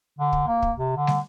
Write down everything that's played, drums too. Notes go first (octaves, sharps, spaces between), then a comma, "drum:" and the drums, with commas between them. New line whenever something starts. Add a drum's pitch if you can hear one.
D3
drum: kick
A#3
drum: kick
C3
D3
drum: snare